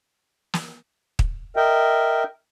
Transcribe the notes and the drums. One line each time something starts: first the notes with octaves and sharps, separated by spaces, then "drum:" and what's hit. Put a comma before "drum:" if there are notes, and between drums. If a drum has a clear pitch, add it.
drum: snare
drum: kick
A#4 D#5 E5 G5